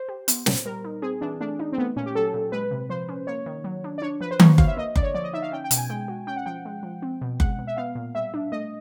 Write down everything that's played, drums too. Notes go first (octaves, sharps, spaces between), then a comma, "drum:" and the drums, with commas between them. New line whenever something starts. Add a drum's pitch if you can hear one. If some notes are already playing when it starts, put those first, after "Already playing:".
Already playing: C5
G4
B3, drum: hi-hat
A#2, drum: snare
G3 A#4
D#4
C4 G#4
E3 D4
A3 D4
D#4
C4
A3 B3
A#2 C#4
G4
F#3 A4
A#2
G#3 B4
C3
F3 C5
C#4
A#3 C#5
D#3
F#3
D4
D5
D4 C#5
F3 B4
C5
A#3 C#5, drum: tom D#3
F#4 F5, drum: kick F#1
E5
A#3 D#5
D3 D5, drum: kick F#1
C#5
F3 D5
D#5
D#4 E5
F5
C#4 G5
G5
B2, drum: hi-hat
G#5
G#3 G5
F#4
C#4 G5
F#5
F3 G5
G#3
F3
C4
B2
G#3 F#5, drum: kick F#1
B2
E5
B3 F5
A#2
G3 E5
D4
A3 D#5